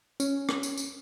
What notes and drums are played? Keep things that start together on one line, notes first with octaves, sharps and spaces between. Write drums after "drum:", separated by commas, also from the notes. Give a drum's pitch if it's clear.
C#4, drum: tambourine
drum: rim click
drum: tambourine
drum: tambourine